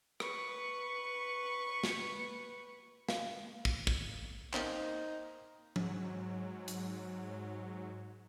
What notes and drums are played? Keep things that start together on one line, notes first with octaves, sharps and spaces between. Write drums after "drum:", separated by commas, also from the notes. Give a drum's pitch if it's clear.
B4 C#6, drum: rim click
drum: snare
F5, drum: snare
drum: kick
drum: kick
A#3 C4 D#4, drum: clap
G#2 F#3, drum: tom F3
drum: hi-hat